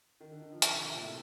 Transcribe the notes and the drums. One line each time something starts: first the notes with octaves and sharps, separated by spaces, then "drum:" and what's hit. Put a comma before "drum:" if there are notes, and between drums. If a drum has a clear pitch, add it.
D#3
D3
D#3
F3
D#3, drum: hi-hat
C3
C3
A#2
A2